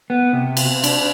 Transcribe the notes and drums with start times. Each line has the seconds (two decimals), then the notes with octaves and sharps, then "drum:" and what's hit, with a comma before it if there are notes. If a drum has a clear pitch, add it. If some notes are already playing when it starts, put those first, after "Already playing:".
0.10 B3
0.33 C3
0.57 drum: cymbal
0.84 D4, drum: cymbal